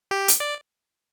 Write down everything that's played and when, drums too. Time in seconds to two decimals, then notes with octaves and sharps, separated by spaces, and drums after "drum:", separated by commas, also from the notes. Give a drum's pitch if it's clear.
0.11 G4
0.28 drum: hi-hat
0.40 D5